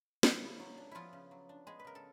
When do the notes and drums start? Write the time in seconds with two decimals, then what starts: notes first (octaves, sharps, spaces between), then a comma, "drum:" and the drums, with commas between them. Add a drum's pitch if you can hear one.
0.23 B3 E4, drum: snare
0.42 C#3
0.60 F#3
0.77 D4
0.91 F3 B3 E4 F4
1.13 C#3
1.31 F#3
1.49 D4
1.67 G#3 B3 G#4
1.79 B4
1.84 C#3 A#4
1.95 A4